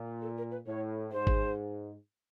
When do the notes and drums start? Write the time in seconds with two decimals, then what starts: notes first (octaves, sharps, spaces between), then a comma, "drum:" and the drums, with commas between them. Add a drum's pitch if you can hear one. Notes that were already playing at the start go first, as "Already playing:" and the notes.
Already playing: A#2
0.21 A4
0.37 A#4
0.51 B4
0.67 A2 C#5
1.12 G#2 C5
1.27 drum: kick G#1